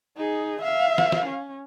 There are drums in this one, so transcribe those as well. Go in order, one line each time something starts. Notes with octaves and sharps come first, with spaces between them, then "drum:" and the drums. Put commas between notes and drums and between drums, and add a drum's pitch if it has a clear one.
D#4 G#4
E5 F5
drum: snare
drum: snare
C#4